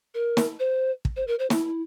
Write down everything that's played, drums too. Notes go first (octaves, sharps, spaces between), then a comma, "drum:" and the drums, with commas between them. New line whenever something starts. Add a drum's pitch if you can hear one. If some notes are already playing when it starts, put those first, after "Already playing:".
A#4
drum: snare
C5
drum: kick
C5
A#4
C5
E4, drum: snare